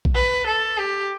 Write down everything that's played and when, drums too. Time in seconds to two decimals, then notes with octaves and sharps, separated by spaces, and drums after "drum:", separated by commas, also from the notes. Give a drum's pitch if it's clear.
0.05 drum: kick A#1
0.15 B4
0.47 A4
0.78 G4